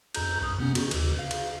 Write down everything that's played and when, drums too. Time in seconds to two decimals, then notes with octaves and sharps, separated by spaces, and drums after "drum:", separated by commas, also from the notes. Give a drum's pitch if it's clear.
0.15 F2 A#5 G6, drum: cymbal
0.41 C2 F#2 D#6
0.59 C3 B3 C#4
0.75 F#4, drum: cymbal
0.91 D#2 C#3, drum: cymbal
1.19 F5
1.31 drum: cymbal